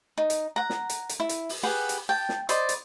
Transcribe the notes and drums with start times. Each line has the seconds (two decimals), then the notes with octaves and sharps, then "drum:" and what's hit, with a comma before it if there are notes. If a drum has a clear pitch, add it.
0.18 D#4
0.30 drum: hi-hat
0.56 F#5 A#5
0.70 drum: snare
0.90 drum: hi-hat
1.09 drum: hi-hat
1.20 E4
1.29 drum: hi-hat
1.49 drum: open hi-hat
1.63 G4 G#4 B4 F#5
1.89 drum: hi-hat
2.09 G5 A5
2.29 drum: snare
2.49 C5 D5 D#5 B5, drum: hi-hat
2.69 drum: hi-hat